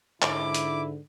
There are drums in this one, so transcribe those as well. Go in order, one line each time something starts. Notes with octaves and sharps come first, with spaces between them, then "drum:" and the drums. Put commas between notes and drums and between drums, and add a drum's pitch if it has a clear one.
G#2 D3 E4 D6, drum: clap
drum: hi-hat